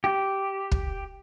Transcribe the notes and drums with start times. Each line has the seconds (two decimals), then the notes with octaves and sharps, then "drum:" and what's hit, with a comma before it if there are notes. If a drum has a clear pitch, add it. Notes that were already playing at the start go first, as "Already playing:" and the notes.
0.04 G4
0.72 drum: kick